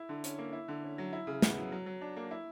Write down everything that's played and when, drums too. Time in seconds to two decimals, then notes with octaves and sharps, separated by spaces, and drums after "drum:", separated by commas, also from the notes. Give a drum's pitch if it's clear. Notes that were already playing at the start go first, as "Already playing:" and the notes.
Already playing: E4
0.09 D3
0.24 C#4, drum: hi-hat
0.38 A#3
0.53 E4
0.68 D3
0.83 C#4
0.98 F#3
1.13 E4
1.27 C#3
1.42 B3, drum: snare
1.57 F#3
1.72 F#3
1.86 F#3
2.01 D4
2.16 A#3
2.31 E4